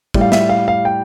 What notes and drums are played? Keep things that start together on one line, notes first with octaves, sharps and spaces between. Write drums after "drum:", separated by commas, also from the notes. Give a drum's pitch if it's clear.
A2 G3, drum: kick
F5
E5, drum: snare
F5
F5
G5